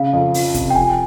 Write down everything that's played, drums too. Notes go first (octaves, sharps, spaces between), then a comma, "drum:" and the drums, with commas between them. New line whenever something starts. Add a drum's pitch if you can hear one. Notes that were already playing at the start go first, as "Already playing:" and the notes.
Already playing: C#3 F5
F2
F3, drum: open hi-hat
C3, drum: kick, hi-hat
G5
F3 G#5